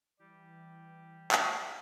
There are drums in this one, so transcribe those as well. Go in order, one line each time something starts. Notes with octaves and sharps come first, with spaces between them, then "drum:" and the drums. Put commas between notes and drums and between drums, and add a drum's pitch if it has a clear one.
E3 G3 G4
drum: clap